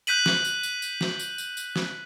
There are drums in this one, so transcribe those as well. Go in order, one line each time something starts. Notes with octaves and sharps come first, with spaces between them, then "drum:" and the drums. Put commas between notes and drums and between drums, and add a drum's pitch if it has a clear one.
F#6 G6 B6 D#7 F#7, drum: tambourine
drum: snare
drum: tambourine
drum: tambourine
drum: tambourine
drum: snare
drum: tambourine
drum: tambourine
drum: tambourine
drum: snare